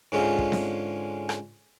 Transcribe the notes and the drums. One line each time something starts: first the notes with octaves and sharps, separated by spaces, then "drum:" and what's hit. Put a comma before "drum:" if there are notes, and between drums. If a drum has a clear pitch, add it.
G#2 D3 G#3 C#4 F4
drum: kick
drum: snare C4
drum: rim click